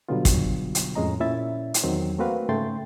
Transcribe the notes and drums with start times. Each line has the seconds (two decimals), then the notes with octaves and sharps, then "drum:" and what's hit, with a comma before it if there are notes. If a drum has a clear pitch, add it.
0.09 B2 D3 F#3 G3 B3 F4
0.25 drum: kick, hi-hat
0.75 drum: hi-hat
0.96 F2 A2 G#3 C#4 D#5 A#5
1.20 A#2 C#4 E4 E5 A6
1.74 drum: hi-hat
1.83 E2 D#3 F#3 C4
2.18 A3 A#3 C4 F#4 B4 F5
2.49 G#2 C#3 A3 G5 C6 A6